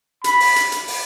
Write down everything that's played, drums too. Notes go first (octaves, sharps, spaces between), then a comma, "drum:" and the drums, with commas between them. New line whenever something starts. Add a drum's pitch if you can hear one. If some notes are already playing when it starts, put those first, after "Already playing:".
B5, drum: hi-hat
drum: open hi-hat
drum: hi-hat
drum: hi-hat
drum: open hi-hat